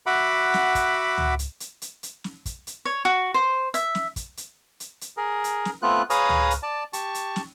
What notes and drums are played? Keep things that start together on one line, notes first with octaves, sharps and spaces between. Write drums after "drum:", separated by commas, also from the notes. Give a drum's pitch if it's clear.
F#4 E5 F#5 B5 D6
drum: snare
drum: kick, hi-hat
drum: tom C#2
drum: hi-hat
drum: hi-hat
drum: hi-hat
drum: hi-hat
drum: snare
drum: kick, hi-hat
drum: hi-hat
C#5
F#4
C5
E5, drum: hi-hat
drum: snare
drum: kick, hi-hat
drum: hi-hat
drum: hi-hat
drum: hi-hat
G#4 A#4
drum: hi-hat
drum: snare
A3 B3 C4 F4 F#6
G#4 B4 C#5 F5 A#5 D#6, drum: hi-hat
drum: tom C#2
drum: hi-hat
D5 A5
G4 A5 C#6, drum: hi-hat
drum: hi-hat
drum: snare